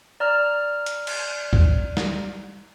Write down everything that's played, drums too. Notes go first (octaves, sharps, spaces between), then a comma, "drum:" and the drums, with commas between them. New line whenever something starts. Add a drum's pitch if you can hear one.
D5 A#5 F6
drum: hi-hat
drum: cymbal
drum: kick
drum: snare